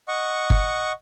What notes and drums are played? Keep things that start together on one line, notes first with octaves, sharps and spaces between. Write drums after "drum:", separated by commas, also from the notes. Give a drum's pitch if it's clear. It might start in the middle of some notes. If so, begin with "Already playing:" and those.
D#5 F#5 C#6
drum: kick G1